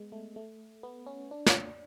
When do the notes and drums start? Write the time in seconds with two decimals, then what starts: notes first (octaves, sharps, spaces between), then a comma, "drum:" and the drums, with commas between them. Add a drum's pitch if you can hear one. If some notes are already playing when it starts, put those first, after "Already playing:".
Already playing: G#3 B3
0.12 A3
0.36 A3
0.83 B3
1.07 C#4
1.31 D4
1.46 drum: snare